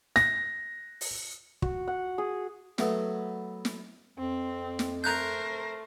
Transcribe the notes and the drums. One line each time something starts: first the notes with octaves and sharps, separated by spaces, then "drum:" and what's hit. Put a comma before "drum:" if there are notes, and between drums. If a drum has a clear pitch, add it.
A#6, drum: snare
drum: open hi-hat
F#4, drum: kick
F#5
G#4
F#3 A3 B3, drum: snare
drum: snare
F2 C4
drum: snare
A3 A#4 C5 A#5 F#6 G6